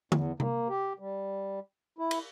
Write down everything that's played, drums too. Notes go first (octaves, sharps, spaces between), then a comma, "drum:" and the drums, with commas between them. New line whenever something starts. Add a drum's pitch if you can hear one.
E2, drum: tom D3
A#3, drum: tom C3
G4
G3
E4
drum: cymbal